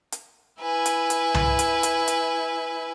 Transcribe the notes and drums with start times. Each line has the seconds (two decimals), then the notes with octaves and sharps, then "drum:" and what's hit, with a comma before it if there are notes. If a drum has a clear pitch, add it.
0.12 drum: hi-hat
0.61 E4 B4 G#5
0.86 drum: hi-hat
1.10 drum: hi-hat
1.34 drum: tom C2
1.59 drum: hi-hat
1.83 drum: hi-hat
2.08 drum: hi-hat